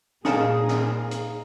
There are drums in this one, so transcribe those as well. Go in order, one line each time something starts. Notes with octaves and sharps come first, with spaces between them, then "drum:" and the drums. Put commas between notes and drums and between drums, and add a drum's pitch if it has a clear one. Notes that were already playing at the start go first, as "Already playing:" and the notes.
A#2 D#4 G#4 A#4 F5 A5 A#5 D#6, drum: snare
drum: snare
drum: hi-hat